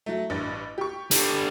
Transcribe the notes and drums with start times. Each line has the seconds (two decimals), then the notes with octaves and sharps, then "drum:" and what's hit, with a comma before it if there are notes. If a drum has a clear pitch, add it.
0.06 F#3 A3
0.30 A1 G2 A6
0.78 G4 C#6
1.11 D3 G3, drum: hi-hat